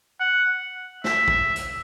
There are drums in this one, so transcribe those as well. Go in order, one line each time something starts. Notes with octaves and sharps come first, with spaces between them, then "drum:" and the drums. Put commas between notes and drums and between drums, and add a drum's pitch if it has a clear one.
F#5
E5, drum: snare
drum: kick
drum: hi-hat